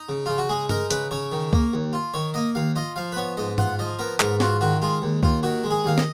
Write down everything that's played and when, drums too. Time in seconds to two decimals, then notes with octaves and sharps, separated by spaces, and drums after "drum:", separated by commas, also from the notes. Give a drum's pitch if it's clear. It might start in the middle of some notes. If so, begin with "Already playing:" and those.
Already playing: D#4
0.09 C#3
0.26 C#3 F4
0.38 F#4
0.49 G#3 G#4
0.69 D#4 A#4, drum: tom G2
0.91 C#3 B4, drum: hi-hat
1.11 C#3 C#5
1.32 D#3
1.53 A#3, drum: kick C#2
1.73 D#2
1.93 F4
2.14 D#3 C#5
2.34 A#3 D#5
2.55 D#2 F5
2.76 F4 D#5
2.96 F3 F5
3.12 B4
3.16 B3 C#5
3.37 G#2 D#5
3.58 F4 F#5, drum: tom G2
3.79 F3 D#5
3.99 B3 A#4
4.20 G#2 A#4, drum: clap
4.40 F4 F#4, drum: snare
4.61 D#3 F#4
4.82 G#3 F4
5.02 D#2
5.23 D#2 F4, drum: kick C#2
5.43 D#3 F#4
5.64 G#3
5.71 G#4
5.84 D#2 F5
5.98 D#5, drum: snare